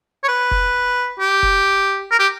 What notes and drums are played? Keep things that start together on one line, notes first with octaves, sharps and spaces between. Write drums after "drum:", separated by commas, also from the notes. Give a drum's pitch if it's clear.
C#5
B4
drum: kick F1
G4
drum: kick F1
A#4
G4